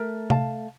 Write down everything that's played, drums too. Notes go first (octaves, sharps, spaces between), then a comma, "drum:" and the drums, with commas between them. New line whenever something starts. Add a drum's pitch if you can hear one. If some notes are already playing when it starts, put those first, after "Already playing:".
Already playing: A3 A#4
F5 A5, drum: tom C3